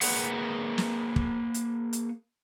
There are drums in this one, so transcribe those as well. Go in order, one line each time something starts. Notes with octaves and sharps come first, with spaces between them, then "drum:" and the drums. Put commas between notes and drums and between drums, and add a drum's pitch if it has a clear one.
A#3 G#4 B4 F#5, drum: open hi-hat
drum: snare
drum: kick
drum: hi-hat
drum: hi-hat